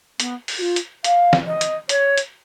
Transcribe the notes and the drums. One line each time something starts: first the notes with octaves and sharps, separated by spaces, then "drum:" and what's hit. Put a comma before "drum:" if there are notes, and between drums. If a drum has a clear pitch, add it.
B3, drum: hi-hat
drum: open hi-hat
F#4
F4
drum: hi-hat
F5, drum: hi-hat
drum: snare
D#5
drum: hi-hat
C#5, drum: hi-hat
drum: hi-hat